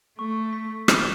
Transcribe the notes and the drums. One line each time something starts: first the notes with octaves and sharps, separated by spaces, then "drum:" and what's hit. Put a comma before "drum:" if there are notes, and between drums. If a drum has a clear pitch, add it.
A3 C#6
B6
E7, drum: rim click